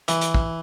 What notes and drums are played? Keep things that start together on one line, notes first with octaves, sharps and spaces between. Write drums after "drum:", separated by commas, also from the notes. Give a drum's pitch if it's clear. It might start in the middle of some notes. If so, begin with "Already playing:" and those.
E3, drum: hi-hat
drum: hi-hat
drum: kick